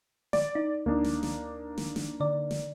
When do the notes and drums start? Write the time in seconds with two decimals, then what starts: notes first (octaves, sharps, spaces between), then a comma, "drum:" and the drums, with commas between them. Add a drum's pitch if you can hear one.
0.33 D5, drum: snare
0.55 D#4
0.86 D2 A#3 D4 D#4
1.04 drum: snare
1.23 drum: snare
1.78 drum: snare
1.96 drum: snare
2.20 D3 D5
2.51 drum: snare